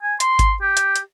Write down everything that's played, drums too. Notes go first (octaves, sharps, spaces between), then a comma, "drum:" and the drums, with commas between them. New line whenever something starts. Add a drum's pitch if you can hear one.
G#5
C6, drum: hi-hat
drum: kick G#1, hi-hat
G4
drum: hi-hat
drum: hi-hat